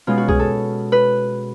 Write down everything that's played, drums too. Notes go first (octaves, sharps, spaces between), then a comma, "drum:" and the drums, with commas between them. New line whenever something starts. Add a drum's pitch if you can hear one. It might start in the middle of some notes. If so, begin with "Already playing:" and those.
B2 G#3 C#4 F4
F#4
G#4, drum: kick
A4
B4